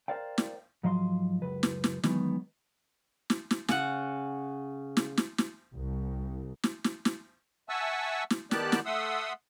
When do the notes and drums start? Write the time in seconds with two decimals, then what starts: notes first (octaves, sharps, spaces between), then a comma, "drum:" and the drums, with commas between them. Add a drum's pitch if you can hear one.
0.08 A#4 C5 D5 F5 G5
0.38 drum: snare
0.83 G#2 F3 F#3 D#5 F5 C6
1.42 C#2 F#2 B4
1.63 drum: snare
1.84 drum: snare
2.03 D#3 E3 F#3 G#3 B3, drum: snare
3.30 drum: snare
3.51 drum: snare
3.68 C#3 F#5, drum: snare
4.97 drum: snare
5.17 drum: snare
5.38 drum: snare
5.75 C2
6.63 drum: snare
6.84 drum: snare
7.05 drum: snare
7.69 E5 F#5 G#5 A5 C#6 E6
8.30 drum: snare
8.51 D#3 B3 G4 D5 A5 F#6, drum: snare
8.72 drum: snare
8.86 A3 E5 F#5 C6 D#6 E6